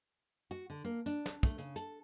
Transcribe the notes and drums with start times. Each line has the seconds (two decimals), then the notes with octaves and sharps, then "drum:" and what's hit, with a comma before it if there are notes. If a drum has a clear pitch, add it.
0.51 F#4
0.70 D3
0.84 A#3
1.06 D4, drum: hi-hat
1.26 drum: snare
1.43 A3, drum: kick, hi-hat
1.58 C#3, drum: hi-hat
1.76 A4, drum: hi-hat